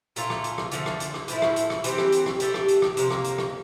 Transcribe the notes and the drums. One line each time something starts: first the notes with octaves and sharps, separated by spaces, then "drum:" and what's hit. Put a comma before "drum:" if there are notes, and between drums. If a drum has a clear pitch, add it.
A#2 A3 D4 F4, drum: hi-hat
drum: rim click
drum: hi-hat
drum: rim click
D3 F3 A3, drum: hi-hat
drum: rim click
drum: hi-hat
drum: rim click
A2 F3 A3 E4, drum: hi-hat
drum: rim click
drum: hi-hat
drum: rim click
E3 G3 C4 G4, drum: hi-hat
drum: rim click
drum: hi-hat
drum: rim click
A3 D4 G4, drum: hi-hat
drum: rim click
drum: hi-hat
drum: rim click
C3 F3 A#3, drum: hi-hat
drum: rim click
drum: hi-hat
drum: rim click